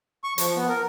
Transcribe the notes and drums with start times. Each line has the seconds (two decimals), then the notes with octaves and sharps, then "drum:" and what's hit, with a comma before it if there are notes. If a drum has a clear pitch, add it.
0.24 C#6
0.38 F3, drum: hi-hat
0.57 B3
0.69 A#4